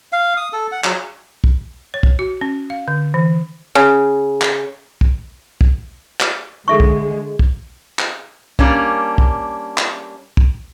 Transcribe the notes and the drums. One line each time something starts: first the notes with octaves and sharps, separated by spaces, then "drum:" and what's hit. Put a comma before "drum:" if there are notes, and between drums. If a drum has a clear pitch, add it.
F5
D#6
A4
F#5
F#3, drum: clap
drum: kick
C#5
drum: kick
F#4
C#4
F5
D3
E3
C#3
drum: clap
drum: kick
drum: kick
drum: clap
D3 G#3 A4 E5 C#6
drum: kick
drum: kick
drum: clap
G3 A#3 C#4 D4, drum: kick
drum: kick
drum: clap
drum: kick